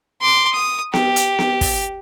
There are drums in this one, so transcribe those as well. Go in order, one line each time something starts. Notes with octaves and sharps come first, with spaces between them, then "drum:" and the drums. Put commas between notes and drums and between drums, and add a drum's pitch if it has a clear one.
C6 D6
D#6
G4, drum: snare B3
drum: hi-hat
drum: snare B3
drum: kick, open hi-hat